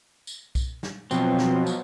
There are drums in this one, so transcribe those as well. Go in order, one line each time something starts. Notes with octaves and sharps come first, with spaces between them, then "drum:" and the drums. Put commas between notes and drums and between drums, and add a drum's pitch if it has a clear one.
drum: tambourine
drum: kick B1, tambourine
drum: snare
B2 F3 F#3 C4, drum: tambourine
drum: snare
drum: tambourine